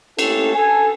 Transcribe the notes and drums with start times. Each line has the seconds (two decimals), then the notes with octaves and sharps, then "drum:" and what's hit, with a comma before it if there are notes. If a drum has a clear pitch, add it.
0.19 A3 A#3 C#4 E4 G4 A4, drum: cymbal
0.55 A4 G#5